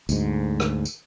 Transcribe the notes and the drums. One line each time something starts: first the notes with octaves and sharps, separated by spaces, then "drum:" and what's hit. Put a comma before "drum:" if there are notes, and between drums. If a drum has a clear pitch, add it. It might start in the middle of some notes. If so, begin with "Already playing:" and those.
D2 G#2, drum: tambourine
drum: rim click
drum: tambourine